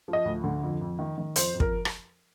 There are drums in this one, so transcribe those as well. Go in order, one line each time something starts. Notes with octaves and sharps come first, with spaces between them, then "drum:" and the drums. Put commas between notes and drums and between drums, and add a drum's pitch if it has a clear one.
F3
D#5
D2
D3
F2
F2
D#3
D#3
F2 C5, drum: hi-hat
F2
A#4, drum: kick
drum: rim click